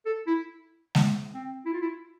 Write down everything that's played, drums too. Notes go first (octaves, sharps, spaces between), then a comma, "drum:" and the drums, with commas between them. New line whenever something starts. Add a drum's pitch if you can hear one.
A4
E4
drum: snare G#3
C4
E4
F4
E4